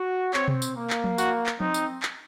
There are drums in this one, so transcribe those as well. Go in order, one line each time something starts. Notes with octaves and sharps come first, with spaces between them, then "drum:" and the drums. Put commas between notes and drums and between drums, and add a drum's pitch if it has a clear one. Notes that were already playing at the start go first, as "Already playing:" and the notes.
Already playing: F#4
C4 C#5, drum: clap
drum: tom B2
drum: tambourine
A#3
drum: clap
drum: tom F3
F#4, drum: tambourine
drum: clap
C4 D#4, drum: tom F3
drum: tambourine
drum: clap